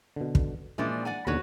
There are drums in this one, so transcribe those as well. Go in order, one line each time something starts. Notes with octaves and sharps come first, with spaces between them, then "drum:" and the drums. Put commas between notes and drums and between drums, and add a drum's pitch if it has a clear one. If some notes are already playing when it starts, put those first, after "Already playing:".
B2 D3
drum: kick
A#2 E3 F3 G#3 D4
D5 F#5 G#5
D#2 B2 D3 F#4 B4 C#5